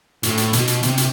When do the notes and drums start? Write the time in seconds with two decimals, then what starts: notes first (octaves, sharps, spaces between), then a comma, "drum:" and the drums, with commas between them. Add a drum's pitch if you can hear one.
0.23 A2, drum: hi-hat
0.38 drum: hi-hat
0.53 B2, drum: hi-hat
0.68 drum: hi-hat
0.83 C3, drum: hi-hat
0.98 drum: hi-hat